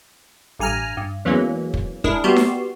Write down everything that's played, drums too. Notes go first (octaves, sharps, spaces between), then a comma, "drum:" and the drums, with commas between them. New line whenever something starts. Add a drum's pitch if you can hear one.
A1 G2 G#5 A#5 F6
G2
E2 E3 F#3 G#3 A#3 C#4
drum: kick
G#3 D4 E4 G#4 A#4, drum: kick
G3 B3 F#4 G4 C6
drum: snare D#4